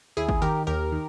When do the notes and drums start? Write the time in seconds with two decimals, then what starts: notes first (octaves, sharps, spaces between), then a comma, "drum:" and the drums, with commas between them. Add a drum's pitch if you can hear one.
0.17 D#2 E4 G#4
0.29 drum: kick G#1
0.42 D#3 G4 A#4
0.67 D#2 G4 A#4
0.92 D#3